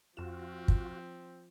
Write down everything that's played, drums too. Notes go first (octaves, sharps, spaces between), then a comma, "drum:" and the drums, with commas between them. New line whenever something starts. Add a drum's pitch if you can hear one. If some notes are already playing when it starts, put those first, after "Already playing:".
F2 F3 C4 F4 F#4 E7
drum: kick